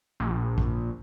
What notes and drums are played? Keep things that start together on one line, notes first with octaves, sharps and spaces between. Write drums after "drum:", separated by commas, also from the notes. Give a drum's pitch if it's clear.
A#1
drum: kick